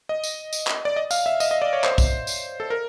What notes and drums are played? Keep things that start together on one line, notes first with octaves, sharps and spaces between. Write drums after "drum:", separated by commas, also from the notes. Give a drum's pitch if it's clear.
D#5
drum: tambourine
drum: tambourine
drum: clap
D5
D#5
F5, drum: tambourine
E5
D#5, drum: tambourine
D#5
D5
C#5
C5, drum: clap
drum: kick, tambourine
drum: tambourine
A4
A#4